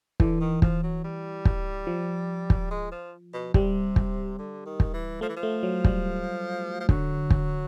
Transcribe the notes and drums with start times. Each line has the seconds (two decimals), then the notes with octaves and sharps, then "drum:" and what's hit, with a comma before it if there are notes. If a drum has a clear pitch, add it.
0.20 D3 E3, drum: kick
0.40 D#3
0.62 F3, drum: kick
0.83 F#3
1.04 G3
1.45 drum: kick
1.87 F3
2.50 drum: kick
2.71 G#3
2.92 F3
3.34 B2
3.54 C3 G3, drum: kick
3.96 drum: kick
4.39 D3
4.66 D#3
4.80 drum: kick
4.94 E3
5.21 F3 A3
5.29 E3
5.36 F3
5.43 A3
5.63 F#3
5.84 G3, drum: kick
6.80 F3
6.89 D3 F#3, drum: kick
7.30 drum: kick